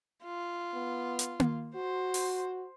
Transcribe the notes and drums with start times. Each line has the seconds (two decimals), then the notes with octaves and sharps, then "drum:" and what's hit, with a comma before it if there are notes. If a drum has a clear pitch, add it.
0.24 F4
0.74 B3
1.19 drum: hi-hat
1.40 drum: tom A#3
1.76 F#4 C5
2.14 drum: open hi-hat